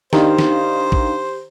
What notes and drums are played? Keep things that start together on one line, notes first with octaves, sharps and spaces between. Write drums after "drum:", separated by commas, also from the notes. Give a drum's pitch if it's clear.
D#3 D4 D#4 G4 C5 F5, drum: snare
drum: snare
drum: kick